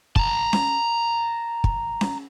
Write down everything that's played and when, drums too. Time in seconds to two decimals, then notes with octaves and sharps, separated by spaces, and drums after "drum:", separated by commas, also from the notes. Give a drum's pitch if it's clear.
0.16 A5 A#5, drum: kick
0.53 drum: snare C#4
1.64 drum: kick
2.01 drum: snare C#4